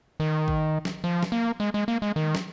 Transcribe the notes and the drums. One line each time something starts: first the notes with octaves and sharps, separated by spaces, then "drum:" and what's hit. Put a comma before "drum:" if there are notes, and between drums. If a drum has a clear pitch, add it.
D#3
drum: kick A1
drum: snare
F3
drum: snare
A#3
G#3
G#3
A#3
G#3
D#3
drum: snare